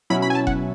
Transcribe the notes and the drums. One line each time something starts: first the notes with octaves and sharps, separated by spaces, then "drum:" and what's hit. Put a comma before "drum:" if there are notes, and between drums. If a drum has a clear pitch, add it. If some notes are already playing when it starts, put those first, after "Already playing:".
B2 F#3 C#4 E4 B5
B5
G#5
A5
F#5, drum: kick F1